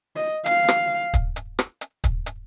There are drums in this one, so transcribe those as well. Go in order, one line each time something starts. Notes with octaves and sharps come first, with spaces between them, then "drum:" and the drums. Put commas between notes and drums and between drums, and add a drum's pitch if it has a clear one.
D#5
F5, drum: hi-hat
drum: rim click
drum: kick, hi-hat
drum: hi-hat
drum: rim click
drum: hi-hat
drum: kick, hi-hat
drum: hi-hat